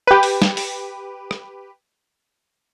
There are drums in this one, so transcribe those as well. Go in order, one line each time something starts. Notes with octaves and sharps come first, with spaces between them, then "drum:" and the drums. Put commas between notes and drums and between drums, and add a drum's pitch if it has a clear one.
G4 B4
drum: open hi-hat
drum: snare
drum: open hi-hat
drum: rim click